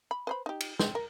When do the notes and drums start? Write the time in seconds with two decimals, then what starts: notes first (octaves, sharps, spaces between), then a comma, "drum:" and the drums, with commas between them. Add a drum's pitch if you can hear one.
0.11 B5
0.27 B4 C5 B5
0.46 D#4 G4
0.60 drum: cymbal
0.79 C4, drum: snare
0.95 A#4